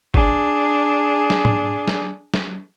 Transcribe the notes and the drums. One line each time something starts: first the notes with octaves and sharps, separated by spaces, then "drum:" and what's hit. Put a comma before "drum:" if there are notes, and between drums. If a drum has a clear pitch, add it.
D4 G#4, drum: kick
drum: snare
drum: tom G#2
drum: snare
drum: snare